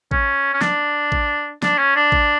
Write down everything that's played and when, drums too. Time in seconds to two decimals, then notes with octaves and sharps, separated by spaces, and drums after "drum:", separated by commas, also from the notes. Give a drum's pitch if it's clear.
0.11 C#4, drum: kick A1
0.54 C#4
0.61 D4, drum: snare
1.12 drum: kick A1
1.63 D4, drum: snare
1.78 C#4
1.96 D4
2.12 drum: kick A1